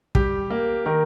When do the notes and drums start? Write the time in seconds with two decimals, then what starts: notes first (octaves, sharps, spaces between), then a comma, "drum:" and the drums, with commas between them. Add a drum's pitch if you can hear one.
0.15 G3 G4, drum: kick
0.50 A#3
0.86 D#3 A#4